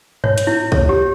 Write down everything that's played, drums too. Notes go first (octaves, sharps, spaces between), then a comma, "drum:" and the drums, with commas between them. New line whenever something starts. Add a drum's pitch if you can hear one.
C#5, drum: tom G2
drum: hi-hat
E4
C#5, drum: kick
G4